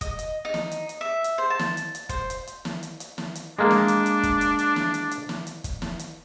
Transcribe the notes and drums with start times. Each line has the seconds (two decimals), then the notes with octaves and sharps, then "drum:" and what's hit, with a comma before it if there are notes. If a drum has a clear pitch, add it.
0.01 D#5, drum: kick, hi-hat
0.19 drum: hi-hat
0.45 D#4
0.54 drum: snare
0.71 drum: hi-hat
0.89 drum: hi-hat
1.01 E5
1.24 drum: hi-hat
1.38 C5
1.50 A5
1.59 drum: snare
1.77 drum: hi-hat
1.95 drum: hi-hat
2.09 C5, drum: kick, hi-hat
2.30 drum: hi-hat
2.47 drum: hi-hat
2.65 drum: snare
2.83 drum: hi-hat
3.00 drum: hi-hat
3.18 drum: snare
3.35 drum: hi-hat
3.59 G#3 A#3 D4
3.71 drum: snare
3.88 drum: hi-hat
4.06 drum: hi-hat
4.23 drum: kick, hi-hat
4.41 drum: hi-hat
4.59 drum: hi-hat
4.76 drum: snare
4.94 drum: hi-hat
5.11 drum: hi-hat
5.29 drum: snare
5.47 drum: hi-hat
5.64 drum: kick, hi-hat
5.82 drum: snare
5.99 drum: hi-hat